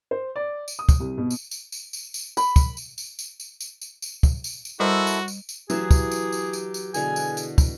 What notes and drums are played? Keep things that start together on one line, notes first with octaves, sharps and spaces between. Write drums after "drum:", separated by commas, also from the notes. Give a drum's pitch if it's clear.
C5
D5
drum: tambourine
D#6
drum: kick, tambourine
C2
B2
drum: tambourine
drum: tambourine
drum: tambourine
drum: tambourine
drum: tambourine
B5, drum: tambourine
drum: kick, tambourine
drum: tambourine
drum: tambourine
drum: tambourine
drum: tambourine
drum: tambourine
drum: tambourine
drum: tambourine
drum: kick, tambourine
drum: tambourine
drum: tambourine
G3 E4 F#4 A4 A#4 C5
drum: tambourine
drum: tambourine
drum: tambourine
E3 F#3 G4 G#4 E5, drum: tambourine
drum: kick, tambourine
drum: tambourine
drum: tambourine
drum: tambourine
drum: tambourine
B2 D3 E3 G#4 G#5, drum: tambourine
drum: tambourine
drum: tambourine
drum: kick, tambourine